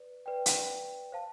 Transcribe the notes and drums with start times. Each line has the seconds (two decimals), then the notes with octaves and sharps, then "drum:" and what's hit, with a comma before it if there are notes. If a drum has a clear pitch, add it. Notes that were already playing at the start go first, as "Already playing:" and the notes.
Already playing: B4 D5
0.26 B4 D5 G5
0.46 drum: hi-hat
1.12 C5 F5 A5